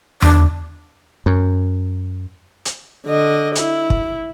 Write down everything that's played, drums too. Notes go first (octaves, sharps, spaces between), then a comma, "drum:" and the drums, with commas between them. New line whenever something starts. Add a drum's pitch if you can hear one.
D4, drum: tom E2
F#2
drum: hi-hat
D3 D#5
E4, drum: hi-hat
drum: kick